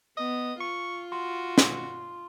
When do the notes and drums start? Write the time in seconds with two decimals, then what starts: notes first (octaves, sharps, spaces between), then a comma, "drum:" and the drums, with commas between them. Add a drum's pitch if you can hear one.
0.17 B3 D#5
0.60 F4 C#6
1.12 F#4 C6
1.58 drum: snare